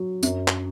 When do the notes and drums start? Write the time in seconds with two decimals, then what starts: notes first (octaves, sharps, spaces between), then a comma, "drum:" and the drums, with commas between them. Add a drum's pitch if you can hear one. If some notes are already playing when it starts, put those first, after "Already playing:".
Already playing: F#3
0.23 F#2, drum: tambourine
0.48 drum: clap